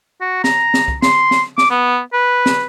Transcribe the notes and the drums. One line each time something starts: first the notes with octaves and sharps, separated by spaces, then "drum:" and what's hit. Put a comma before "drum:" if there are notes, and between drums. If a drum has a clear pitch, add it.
F#4
A#5, drum: snare
drum: snare
drum: kick C2
C6, drum: snare
drum: snare
D6, drum: snare
B3
B4
drum: snare